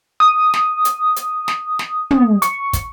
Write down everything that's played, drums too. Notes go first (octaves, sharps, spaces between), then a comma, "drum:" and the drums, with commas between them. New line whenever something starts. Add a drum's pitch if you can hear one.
D#6
drum: snare
drum: hi-hat
drum: hi-hat
drum: snare
drum: snare
drum: tom
C#6, drum: hi-hat
drum: kick, hi-hat